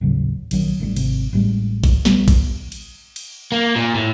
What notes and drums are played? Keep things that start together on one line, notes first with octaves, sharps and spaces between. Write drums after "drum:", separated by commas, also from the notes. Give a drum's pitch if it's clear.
D#1 A1 C#3 F#3
A#1 D#3 F#3, drum: cymbal
A1 A2 F3 G3
G#1 C3, drum: cymbal
A1 A2 G3 G#3
drum: kick, cymbal
A#1 G3 B3, drum: snare
drum: kick, cymbal
drum: cymbal
drum: cymbal
A#3
A#2
A2